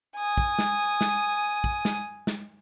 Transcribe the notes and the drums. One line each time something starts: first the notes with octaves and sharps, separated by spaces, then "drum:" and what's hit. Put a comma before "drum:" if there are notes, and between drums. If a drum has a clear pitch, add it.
G#5 D#6
drum: kick
drum: snare
drum: snare
drum: kick
drum: snare
drum: snare